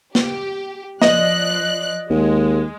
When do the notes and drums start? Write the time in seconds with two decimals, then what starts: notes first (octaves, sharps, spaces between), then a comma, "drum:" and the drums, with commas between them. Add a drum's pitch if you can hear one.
0.15 G4, drum: snare
1.02 F3 D5 D#5 F#6, drum: snare
2.10 D#2 G#3